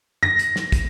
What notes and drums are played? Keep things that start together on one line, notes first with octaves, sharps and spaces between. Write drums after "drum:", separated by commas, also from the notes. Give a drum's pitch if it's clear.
A#6, drum: tom F#2
drum: hi-hat
drum: snare
drum: kick, hi-hat